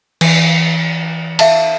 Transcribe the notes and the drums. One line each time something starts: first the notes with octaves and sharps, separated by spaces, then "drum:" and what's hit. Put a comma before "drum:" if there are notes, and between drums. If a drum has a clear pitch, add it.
E3, drum: cymbal
E5 F5 A5, drum: cymbal